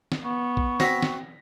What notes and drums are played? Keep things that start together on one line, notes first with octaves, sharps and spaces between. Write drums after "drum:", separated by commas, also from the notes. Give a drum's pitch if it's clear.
drum: snare
B3 C#6
drum: kick A#1
C4 F#4 A#6 B6, drum: snare
drum: snare